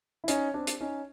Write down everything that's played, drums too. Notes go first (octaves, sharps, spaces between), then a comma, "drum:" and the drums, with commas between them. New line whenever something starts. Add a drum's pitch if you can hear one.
E4
C#4 D#4, drum: hi-hat
C4 D4
drum: hi-hat
C#4 D#4